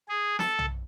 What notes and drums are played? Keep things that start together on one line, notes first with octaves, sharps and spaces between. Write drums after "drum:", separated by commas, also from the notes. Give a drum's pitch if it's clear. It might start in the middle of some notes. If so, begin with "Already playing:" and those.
G#4
A4, drum: snare
drum: tom B1